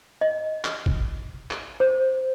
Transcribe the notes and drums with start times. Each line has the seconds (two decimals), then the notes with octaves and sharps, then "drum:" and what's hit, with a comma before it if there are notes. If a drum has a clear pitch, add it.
0.21 D#5
0.65 drum: clap
0.86 drum: kick
1.51 drum: clap
1.80 C5